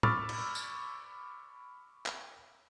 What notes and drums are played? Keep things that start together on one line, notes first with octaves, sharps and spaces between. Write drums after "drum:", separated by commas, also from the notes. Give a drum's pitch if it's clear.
B5 C#6 D6 E6 F6 A6, drum: tom A2
drum: cymbal
drum: tambourine
drum: clap